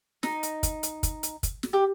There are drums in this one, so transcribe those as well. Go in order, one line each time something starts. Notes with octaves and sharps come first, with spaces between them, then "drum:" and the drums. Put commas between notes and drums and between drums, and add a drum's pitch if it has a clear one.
D#4, drum: snare
drum: hi-hat
drum: kick, hi-hat
drum: hi-hat
drum: kick, hi-hat
drum: hi-hat
drum: kick, hi-hat
drum: snare
G4